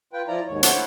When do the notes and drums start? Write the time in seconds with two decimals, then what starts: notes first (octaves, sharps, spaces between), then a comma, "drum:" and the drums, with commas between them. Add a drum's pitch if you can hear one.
0.13 F4 B4 G5
0.28 F3 E4 F4 D5 A#5
0.47 D#2 G#2 C#5
0.63 E4 A4 C5 C#5 F#5, drum: hi-hat